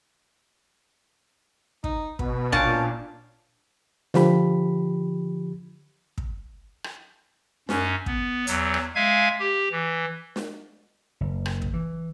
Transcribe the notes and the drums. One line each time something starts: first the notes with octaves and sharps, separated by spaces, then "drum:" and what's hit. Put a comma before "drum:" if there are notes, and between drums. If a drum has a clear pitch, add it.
D#4, drum: kick
B2 B4, drum: kick
A#2 C#4 D4 F4 F5 G5 A5, drum: kick
D3 F3 G4 B5, drum: snare
drum: kick
drum: rim click
F#2 C#4, drum: snare
B3, drum: kick
E2 F#3, drum: hi-hat
drum: rim click
G#3 E5 F5 G#5 G#6
G4
E3
drum: snare
F#1
drum: rim click
drum: kick
E3